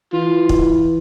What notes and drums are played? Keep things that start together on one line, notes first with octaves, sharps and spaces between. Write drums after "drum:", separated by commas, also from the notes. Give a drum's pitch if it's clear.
E3 F4
drum: kick